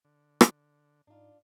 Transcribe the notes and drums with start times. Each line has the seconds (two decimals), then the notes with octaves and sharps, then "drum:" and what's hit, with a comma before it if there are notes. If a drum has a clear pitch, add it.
0.05 D3
0.41 drum: rim click
1.07 G#2 D4 D#4 F4